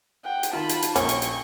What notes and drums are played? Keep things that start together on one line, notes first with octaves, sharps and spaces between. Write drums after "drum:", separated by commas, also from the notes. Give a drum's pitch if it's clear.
F#5 G5
drum: hi-hat
D#3 F4 A5 B5
drum: hi-hat
drum: hi-hat
A#1 C#4 G5 C#6, drum: hi-hat
drum: hi-hat
drum: hi-hat